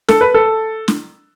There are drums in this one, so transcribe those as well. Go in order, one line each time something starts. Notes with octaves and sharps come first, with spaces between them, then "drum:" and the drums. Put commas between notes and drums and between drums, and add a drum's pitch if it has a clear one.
A4, drum: snare
B4
A4
drum: snare